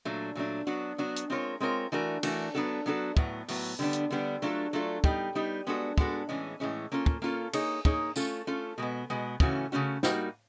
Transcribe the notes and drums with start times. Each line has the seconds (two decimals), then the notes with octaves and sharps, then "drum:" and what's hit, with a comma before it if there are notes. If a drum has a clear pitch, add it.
0.05 A#2 F#3 A3 D4
0.35 A#2 F#3 A3 D4
0.67 F#3 B3 D4 F#4
0.98 F#3 B3 D4 F#4
1.16 drum: hi-hat
1.30 G#3 C4 F4 A#4 C#5
1.60 G#3 C4 F4 A#4 C#5
1.92 E3 A3 D4 F#4 A#4
2.23 E3 A3 D4 F#4 A#4, drum: cymbal
2.55 F#3 B3 D4 F#4 A4
2.86 F#3 B3 D4 F#4 A4
3.17 A2 F#3 B3, drum: kick
3.48 A2 F#3 B3, drum: open hi-hat
3.79 D3 G3 B3 D4
3.93 drum: hi-hat
4.11 D3 G3 B3 D4
4.42 F#3 A3 D4 F4 A4
4.73 F#3 A3 D4 F4 A4
5.04 G3 B3 D#4 G4, drum: kick
5.35 G3 B3 D#4 G4
5.67 G#3 B3 D4 F#4 A4
5.98 G#3 B3 D4 F#4 A4, drum: kick
6.29 A2 E3 G#3 C#4
6.60 A2 E3 G#3 C#4
6.92 A#3 C#4 F4 A4
7.06 drum: kick
7.22 A#3 C#4 F4 A4
7.53 A#3 D#4 G#4 C#5, drum: cymbal
7.85 A#3 D#4 G#4 C#5, drum: kick
8.16 A3 C#4 F4 A4, drum: tambourine
8.47 A3 C#4 F4 A4
8.78 B2 G#3 B3
9.10 B2 G#3 B3
9.40 C#3 E3 A3 C#4 F#4, drum: kick
9.72 C#3 E3 A3 C#4 F#4
10.03 G3 A#3 D#4 F#4, drum: snare